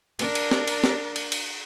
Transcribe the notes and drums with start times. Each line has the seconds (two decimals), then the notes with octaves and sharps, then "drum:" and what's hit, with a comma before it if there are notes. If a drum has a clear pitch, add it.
0.19 D4 A#4, drum: cymbal
0.35 drum: cymbal
0.51 drum: snare
0.68 drum: cymbal
0.84 drum: snare
1.16 drum: cymbal
1.32 drum: cymbal